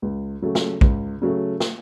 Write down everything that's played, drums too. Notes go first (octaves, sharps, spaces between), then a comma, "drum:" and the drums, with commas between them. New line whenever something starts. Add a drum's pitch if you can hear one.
C#2
C#3 F#3 A3
drum: snare
C#2, drum: kick A#1
C#3 F#3 A3
drum: snare